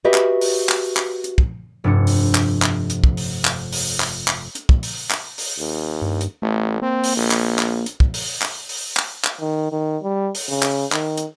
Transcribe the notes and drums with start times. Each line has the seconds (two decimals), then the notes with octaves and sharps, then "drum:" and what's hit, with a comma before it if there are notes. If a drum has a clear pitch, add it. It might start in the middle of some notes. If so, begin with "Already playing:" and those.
0.04 F#4 G4 B4 D#5 E5
0.14 drum: clap
0.41 drum: open hi-hat
0.69 drum: clap
0.97 drum: clap
1.24 drum: hi-hat
1.38 drum: kick
1.84 F1 G2 D4 C#7
2.07 drum: open hi-hat
2.35 drum: clap
2.62 drum: clap
2.90 drum: hi-hat
3.04 drum: kick
3.17 drum: open hi-hat
3.45 drum: clap
3.73 drum: open hi-hat
4.00 drum: clap
4.28 drum: clap
4.55 drum: hi-hat
4.69 drum: kick
4.83 drum: open hi-hat
5.10 drum: clap
5.38 drum: open hi-hat
5.58 D#2
6.02 G2
6.21 drum: hi-hat
6.42 A1 A3
6.82 A#3 C4
7.04 drum: open hi-hat
7.17 A#1
7.31 drum: clap
7.59 drum: clap
7.86 drum: hi-hat
8.00 drum: kick
8.14 drum: open hi-hat
8.42 drum: clap
8.69 drum: open hi-hat
8.97 drum: clap
9.24 drum: clap
9.40 D#3
9.72 D#3
10.03 G3
10.35 drum: open hi-hat
10.49 C#3
10.62 drum: clap
10.92 D#3, drum: clap
11.17 drum: hi-hat